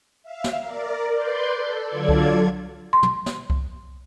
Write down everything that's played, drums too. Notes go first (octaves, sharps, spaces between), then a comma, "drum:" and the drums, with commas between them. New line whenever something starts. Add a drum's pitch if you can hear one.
E5 F5
drum: snare
A#4 D5
B4 D5 C6 G6
A4
D3 F#3 F4 A4 D5 G#6
drum: kick C2
C6
drum: tom
drum: snare
drum: kick C2